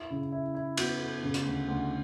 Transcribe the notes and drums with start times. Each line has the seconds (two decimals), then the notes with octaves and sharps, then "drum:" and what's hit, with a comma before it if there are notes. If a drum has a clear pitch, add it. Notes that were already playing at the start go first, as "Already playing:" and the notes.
Already playing: E4
0.10 C#3
0.32 E4
0.55 E4
0.77 B3, drum: cymbal
1.00 B3
1.23 C#3
1.34 drum: hi-hat
1.45 D2
1.68 D2